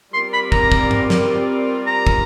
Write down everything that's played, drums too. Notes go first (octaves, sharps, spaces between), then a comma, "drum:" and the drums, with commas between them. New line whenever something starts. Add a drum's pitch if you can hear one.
G3 C4 F4 A#4 D5 C6
B5
A#5, drum: kick
drum: kick
drum: tom G2
drum: snare
A#5
drum: kick